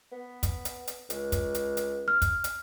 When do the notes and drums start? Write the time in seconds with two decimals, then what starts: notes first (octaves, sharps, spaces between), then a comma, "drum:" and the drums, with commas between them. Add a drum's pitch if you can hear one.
0.12 B3
0.43 drum: kick, hi-hat
0.65 drum: hi-hat
0.87 drum: hi-hat
1.10 C#2, drum: hi-hat
1.32 drum: kick, hi-hat
1.55 drum: hi-hat
1.77 drum: hi-hat
2.08 F6
2.22 drum: kick, hi-hat
2.44 drum: hi-hat